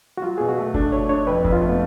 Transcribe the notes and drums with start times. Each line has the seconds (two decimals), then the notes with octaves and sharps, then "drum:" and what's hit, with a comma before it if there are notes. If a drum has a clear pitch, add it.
0.17 F#4
0.22 F#3 F4
0.38 B2 G#4
0.49 F#4
0.57 A3
0.74 D4 A4, drum: kick F#1
0.92 A3 C#5
1.09 D4 C#5
1.27 F2 B4
1.45 F2, drum: kick F#1
1.53 F4
1.62 A3
1.69 B3